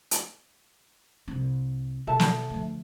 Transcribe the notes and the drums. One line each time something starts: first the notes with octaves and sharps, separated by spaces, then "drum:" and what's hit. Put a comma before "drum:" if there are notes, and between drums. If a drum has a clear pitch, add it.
drum: hi-hat
C2 C4
B2 A4 E5 A5
drum: snare
D2 F3